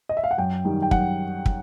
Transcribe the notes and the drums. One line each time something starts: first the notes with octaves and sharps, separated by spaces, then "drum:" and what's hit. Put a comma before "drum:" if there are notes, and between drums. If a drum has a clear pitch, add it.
D#5
E5
F5
F#5
F#2 G5
D#3 G3
G5
F#2 F#5, drum: kick
drum: kick